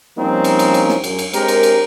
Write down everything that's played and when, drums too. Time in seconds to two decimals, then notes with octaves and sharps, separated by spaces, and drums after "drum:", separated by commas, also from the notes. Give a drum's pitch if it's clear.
0.18 F3 G3 A#3 C4 C#4 D#4
0.44 drum: cymbal
0.59 drum: cymbal
0.74 drum: cymbal
0.89 drum: snare
1.04 F#2, drum: cymbal
1.19 drum: cymbal
1.33 G#3 C4 G4 A#4, drum: cymbal
1.48 drum: cymbal
1.63 drum: cymbal